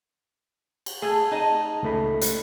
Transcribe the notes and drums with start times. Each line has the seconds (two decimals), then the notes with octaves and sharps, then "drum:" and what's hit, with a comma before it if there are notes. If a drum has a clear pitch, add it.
0.86 drum: cymbal
1.02 A3 G#4 G#6
1.31 D#4 D#5 A5
1.83 C#2 A3 B5
2.21 drum: hi-hat